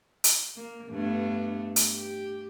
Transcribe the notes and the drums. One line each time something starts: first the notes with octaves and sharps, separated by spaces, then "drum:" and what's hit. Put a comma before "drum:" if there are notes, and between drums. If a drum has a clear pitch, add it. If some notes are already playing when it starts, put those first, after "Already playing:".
drum: hi-hat
A#3
G2 A3 B3
drum: hi-hat
G4